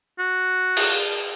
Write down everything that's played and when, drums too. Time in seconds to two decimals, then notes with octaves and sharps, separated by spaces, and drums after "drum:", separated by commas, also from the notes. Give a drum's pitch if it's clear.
0.19 F#4
0.77 drum: cymbal